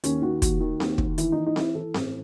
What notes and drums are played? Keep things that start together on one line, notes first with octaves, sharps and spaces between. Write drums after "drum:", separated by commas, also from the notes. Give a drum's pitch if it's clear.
D#2 C#4, drum: hi-hat
D#3 F#4
D#2 F#4, drum: kick, hi-hat
D#3
D#2, drum: snare C4
D#3, drum: kick
E3 E4, drum: hi-hat
E3 D#4
D#4
E3 E4, drum: snare C4
E3 A4
A1, drum: snare C4